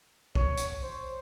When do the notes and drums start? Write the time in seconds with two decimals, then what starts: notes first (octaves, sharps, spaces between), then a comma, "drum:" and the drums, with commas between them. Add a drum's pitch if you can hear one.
0.35 C#5, drum: kick A#1
0.57 drum: hi-hat
0.83 C5